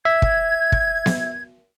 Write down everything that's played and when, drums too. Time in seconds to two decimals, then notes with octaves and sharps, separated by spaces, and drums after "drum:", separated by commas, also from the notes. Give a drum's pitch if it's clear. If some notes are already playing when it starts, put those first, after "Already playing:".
0.05 E5 G#6
0.22 drum: kick
0.72 drum: kick
1.06 drum: snare B3